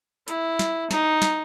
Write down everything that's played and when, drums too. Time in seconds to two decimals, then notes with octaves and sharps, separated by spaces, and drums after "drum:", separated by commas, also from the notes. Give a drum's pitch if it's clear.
0.28 E4, drum: hi-hat
0.59 drum: snare
0.91 D#4, drum: snare
1.22 drum: snare